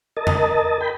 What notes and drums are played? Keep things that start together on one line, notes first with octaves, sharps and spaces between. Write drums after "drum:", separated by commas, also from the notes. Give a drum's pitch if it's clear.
A#4 D#5 A5
drum: tom E2
A#4 G5 B5